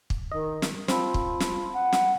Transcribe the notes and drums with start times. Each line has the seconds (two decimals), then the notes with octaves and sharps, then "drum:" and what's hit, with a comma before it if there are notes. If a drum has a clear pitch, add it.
0.10 drum: kick
0.32 D#3 D#5
0.62 drum: snare
0.88 C4 F4 F5 A5 B5, drum: snare
1.14 drum: kick
1.40 drum: snare
1.73 F#5
1.93 drum: snare